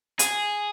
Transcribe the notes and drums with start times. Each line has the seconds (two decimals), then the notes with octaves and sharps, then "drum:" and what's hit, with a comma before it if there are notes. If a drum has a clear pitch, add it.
0.19 G#4, drum: hi-hat